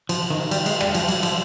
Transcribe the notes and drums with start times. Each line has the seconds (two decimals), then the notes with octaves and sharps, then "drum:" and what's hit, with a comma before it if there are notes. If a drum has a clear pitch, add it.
0.09 F3, drum: cymbal
0.30 D#3
0.51 G3, drum: cymbal
0.66 G#3, drum: cymbal
0.81 G3, drum: rim click
0.95 F3, drum: cymbal
1.08 G3, drum: cymbal
1.23 F3, drum: cymbal